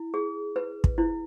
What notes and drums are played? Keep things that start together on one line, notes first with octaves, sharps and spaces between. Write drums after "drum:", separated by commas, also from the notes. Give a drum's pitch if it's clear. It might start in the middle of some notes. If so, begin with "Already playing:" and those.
Already playing: E4
G#4
B4
drum: kick
E4